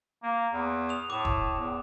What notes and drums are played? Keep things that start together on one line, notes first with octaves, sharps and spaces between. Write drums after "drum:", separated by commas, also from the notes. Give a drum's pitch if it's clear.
A#3
E2
D#6 F7
A2 D6 E7
drum: kick
E2